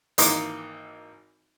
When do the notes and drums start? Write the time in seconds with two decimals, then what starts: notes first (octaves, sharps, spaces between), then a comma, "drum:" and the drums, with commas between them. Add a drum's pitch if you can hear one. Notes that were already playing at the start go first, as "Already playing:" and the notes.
0.18 G#1 E3 A#3 D#4 C6 D6, drum: hi-hat